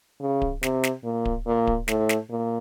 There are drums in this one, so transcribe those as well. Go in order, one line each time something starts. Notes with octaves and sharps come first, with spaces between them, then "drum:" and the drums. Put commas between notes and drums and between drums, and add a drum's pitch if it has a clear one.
C#3
drum: kick D1
C3, drum: snare
drum: snare
A#2
drum: kick D1
A#2
drum: kick D1
A2, drum: snare
drum: snare
A#2